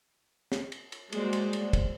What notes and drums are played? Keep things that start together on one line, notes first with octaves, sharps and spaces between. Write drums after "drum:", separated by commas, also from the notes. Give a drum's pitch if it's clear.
drum: snare
drum: cymbal
drum: cymbal
G3 G#3 A#3 F#4 C5 D5, drum: cymbal
drum: cymbal
drum: cymbal
drum: kick, cymbal